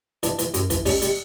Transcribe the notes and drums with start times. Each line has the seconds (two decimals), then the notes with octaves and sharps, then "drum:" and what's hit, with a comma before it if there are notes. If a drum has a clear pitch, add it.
0.23 E3 D4, drum: hi-hat
0.39 E3, drum: hi-hat
0.54 F#2, drum: hi-hat
0.70 E3, drum: kick, hi-hat
0.86 G3 C#4, drum: kick, open hi-hat
1.02 G3, drum: hi-hat